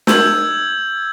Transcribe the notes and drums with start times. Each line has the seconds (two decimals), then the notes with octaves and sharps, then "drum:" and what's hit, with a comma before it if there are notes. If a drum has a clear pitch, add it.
0.07 E6 G6 G#6 F#7, drum: snare